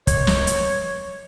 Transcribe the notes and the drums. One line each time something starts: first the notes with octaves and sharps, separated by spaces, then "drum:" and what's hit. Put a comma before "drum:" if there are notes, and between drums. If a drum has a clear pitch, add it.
C#5, drum: kick, hi-hat
drum: snare
drum: hi-hat